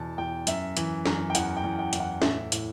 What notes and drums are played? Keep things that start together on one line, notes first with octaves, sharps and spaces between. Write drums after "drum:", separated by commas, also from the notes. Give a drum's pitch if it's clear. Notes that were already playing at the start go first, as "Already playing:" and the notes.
Already playing: E2 B2 A5
E2 G5
F#2 E5, drum: hi-hat
E3, drum: hi-hat
F#2, drum: snare
G5
E2 F#5, drum: hi-hat
G5
E2
G5
E2, drum: hi-hat
F#5
A2 E5, drum: snare
A2, drum: hi-hat